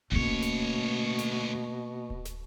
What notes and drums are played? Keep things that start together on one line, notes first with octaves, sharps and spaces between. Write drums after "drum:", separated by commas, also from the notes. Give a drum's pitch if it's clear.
D2 B2 A3 A#3 C#4 C#5
drum: kick D1
drum: snare
drum: snare
drum: kick D1
drum: snare